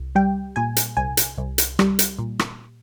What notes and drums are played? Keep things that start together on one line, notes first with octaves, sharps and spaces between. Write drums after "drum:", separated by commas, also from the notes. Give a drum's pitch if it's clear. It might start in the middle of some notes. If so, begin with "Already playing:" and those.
Already playing: C2
G3 G5
A#2 G#5
drum: hi-hat
C2 G#5
drum: hi-hat
C2
drum: hi-hat
G3, drum: rim click
drum: hi-hat
A#2
drum: rim click